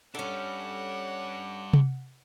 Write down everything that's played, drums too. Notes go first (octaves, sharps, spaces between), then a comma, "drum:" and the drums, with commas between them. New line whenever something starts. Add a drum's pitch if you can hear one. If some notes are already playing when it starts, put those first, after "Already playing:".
G3 C#4 D4 A4 F#5 D6
drum: tom C3